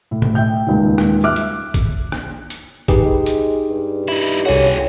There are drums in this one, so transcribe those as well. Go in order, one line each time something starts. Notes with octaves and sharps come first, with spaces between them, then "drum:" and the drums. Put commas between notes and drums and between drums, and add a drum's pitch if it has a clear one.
A2
drum: tom B2
E5 G5 G6
D#1 C#2 D#3
drum: rim click
E5 D6 F6 F#6
drum: hi-hat
drum: kick, hi-hat
drum: rim click
drum: hi-hat
D#4 G4 G#4 B4, drum: kick, hi-hat
G#3
drum: hi-hat
G2
D#4 E4
C2 F4 F#4 G#4 A4 C#5